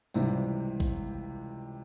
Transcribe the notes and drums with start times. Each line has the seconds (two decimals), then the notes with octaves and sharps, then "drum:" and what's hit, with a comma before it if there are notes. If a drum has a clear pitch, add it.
0.14 C#2 C3 E3 G3 C4, drum: tambourine
0.80 drum: kick